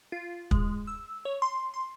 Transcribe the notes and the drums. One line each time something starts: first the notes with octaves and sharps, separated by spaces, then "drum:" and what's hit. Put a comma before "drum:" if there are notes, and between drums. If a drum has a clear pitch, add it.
F4
G#3, drum: kick
E6
C#5
C6
C6